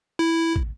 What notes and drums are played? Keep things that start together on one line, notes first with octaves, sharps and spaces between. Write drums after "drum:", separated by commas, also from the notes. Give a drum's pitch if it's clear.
E4
drum: kick